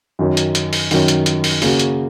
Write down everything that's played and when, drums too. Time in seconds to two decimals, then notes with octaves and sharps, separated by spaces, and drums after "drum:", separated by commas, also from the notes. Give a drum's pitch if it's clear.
0.19 F#2 D#3 F#3 C#4
0.37 drum: hi-hat
0.55 drum: hi-hat
0.73 drum: open hi-hat
0.91 F#2 D#3 F#3 C#4, drum: open hi-hat
1.08 drum: hi-hat
1.26 drum: hi-hat
1.44 drum: open hi-hat
1.62 C#3 A#3 C#4 F#4, drum: open hi-hat
1.79 drum: hi-hat